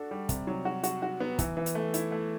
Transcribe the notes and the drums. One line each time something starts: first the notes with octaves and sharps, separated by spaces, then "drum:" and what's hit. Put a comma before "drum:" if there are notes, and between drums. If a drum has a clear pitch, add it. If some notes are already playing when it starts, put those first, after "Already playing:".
Already playing: D4 F#4 A4
G3
C3, drum: kick, hi-hat
F#3
F#4
F#4, drum: hi-hat
F#4
B3
E3, drum: kick, hi-hat
E3
drum: hi-hat
A3
E4, drum: hi-hat
A3